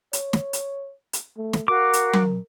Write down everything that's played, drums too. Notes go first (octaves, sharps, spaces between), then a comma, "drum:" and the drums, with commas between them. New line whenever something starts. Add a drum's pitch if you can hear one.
C#5, drum: hi-hat
drum: snare
drum: hi-hat
drum: hi-hat
A3
drum: snare
F#4 A#4 F5 D6
drum: hi-hat
drum: tom F#3